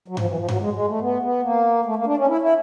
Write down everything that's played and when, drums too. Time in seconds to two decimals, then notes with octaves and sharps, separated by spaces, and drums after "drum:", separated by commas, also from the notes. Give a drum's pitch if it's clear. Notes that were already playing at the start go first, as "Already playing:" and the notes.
0.08 F#3
0.17 F3, drum: tom G2
0.27 E3
0.37 F3
0.48 F#3, drum: tom G2
0.59 G#3
0.73 G#3
0.87 A3
1.01 B3
1.22 B3
1.43 A#3
1.85 A3
1.96 A#3
2.06 D4
2.17 C#4
2.28 E4
2.41 E4